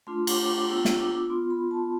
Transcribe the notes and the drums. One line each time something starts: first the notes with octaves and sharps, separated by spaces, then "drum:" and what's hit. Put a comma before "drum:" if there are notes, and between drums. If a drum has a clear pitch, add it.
A3 D4 F4 C6
D6, drum: cymbal
D6
B3 D4 F4 E6
drum: snare
D6
B3 F4 C6
B5
A5